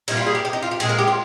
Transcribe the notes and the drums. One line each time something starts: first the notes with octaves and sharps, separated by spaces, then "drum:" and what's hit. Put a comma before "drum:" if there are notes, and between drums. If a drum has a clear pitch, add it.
A#2 G3 A#3 D#4, drum: cymbal
F4
G#4
G4
G4
D#4
F4
G4
A#2 G#3 G#4, drum: cymbal
A#4
G4
F4